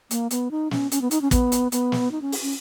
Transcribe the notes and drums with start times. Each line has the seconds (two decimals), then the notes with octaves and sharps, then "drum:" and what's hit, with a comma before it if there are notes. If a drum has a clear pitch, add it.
0.11 A#3, drum: hi-hat
0.31 B3, drum: hi-hat
0.51 D#4
0.71 C#4, drum: snare
0.92 C#4, drum: hi-hat
1.02 B3
1.11 D#4, drum: hi-hat
1.22 C#4
1.31 B3, drum: kick, hi-hat
1.52 drum: hi-hat
1.72 B3, drum: hi-hat
1.92 drum: snare
2.12 D#4
2.22 C#4
2.32 drum: open hi-hat
2.42 C#4